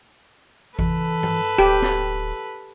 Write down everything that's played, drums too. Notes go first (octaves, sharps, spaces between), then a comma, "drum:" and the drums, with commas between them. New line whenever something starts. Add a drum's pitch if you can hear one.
E3 A4 B4, drum: kick G#1
drum: tom G2
D1 G4
drum: snare